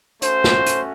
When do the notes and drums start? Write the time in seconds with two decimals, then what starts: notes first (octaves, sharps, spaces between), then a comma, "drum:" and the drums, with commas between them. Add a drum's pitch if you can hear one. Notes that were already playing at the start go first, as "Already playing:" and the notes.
0.22 A3 C#4 F#4 C5, drum: hi-hat
0.44 drum: snare
0.66 drum: hi-hat